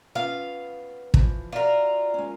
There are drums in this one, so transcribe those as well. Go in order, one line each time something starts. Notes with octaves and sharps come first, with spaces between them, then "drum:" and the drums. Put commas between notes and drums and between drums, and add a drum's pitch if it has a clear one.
B3 C#4 F4 F5
E3 F3, drum: kick
F4 F#4 A#4 D5 E5
G#3 C#4